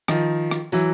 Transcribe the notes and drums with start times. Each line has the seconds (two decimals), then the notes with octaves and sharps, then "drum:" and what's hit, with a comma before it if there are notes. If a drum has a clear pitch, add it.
0.08 D#3 F3, drum: rim click
0.51 drum: rim click
0.72 E3 F#3, drum: tambourine